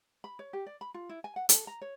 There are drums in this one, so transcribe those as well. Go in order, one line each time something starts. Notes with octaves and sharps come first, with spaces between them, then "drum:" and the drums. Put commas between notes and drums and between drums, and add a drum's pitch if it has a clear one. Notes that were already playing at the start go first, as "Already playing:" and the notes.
B5
C#5
G4
D5
B5
F4
E4
G#5
F#5
A4, drum: hi-hat
A#5
C#5